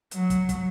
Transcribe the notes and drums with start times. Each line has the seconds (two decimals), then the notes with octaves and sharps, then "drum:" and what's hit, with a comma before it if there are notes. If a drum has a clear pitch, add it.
0.11 F#3, drum: hi-hat
0.30 drum: kick, hi-hat
0.49 drum: kick, hi-hat